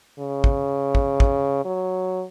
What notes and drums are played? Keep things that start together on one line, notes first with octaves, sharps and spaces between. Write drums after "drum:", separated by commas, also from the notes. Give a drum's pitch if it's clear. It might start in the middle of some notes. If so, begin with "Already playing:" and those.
C#3
drum: kick
drum: kick
drum: kick
F#3